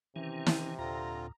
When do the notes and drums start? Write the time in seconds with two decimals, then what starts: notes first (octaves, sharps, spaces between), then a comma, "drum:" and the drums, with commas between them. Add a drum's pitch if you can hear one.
0.16 C3 D#3 E3 C#4
0.46 drum: snare
0.79 D#2 A#2 D3 C4 F4 A#5